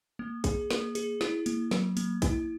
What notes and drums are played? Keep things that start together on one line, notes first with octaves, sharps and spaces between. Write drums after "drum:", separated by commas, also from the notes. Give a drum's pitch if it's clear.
A#3
G#4, drum: kick, hi-hat
A#3, drum: snare
G#4, drum: hi-hat
E4, drum: snare
A#3, drum: hi-hat
F#3, drum: snare
A#3, drum: hi-hat
E4, drum: kick, hi-hat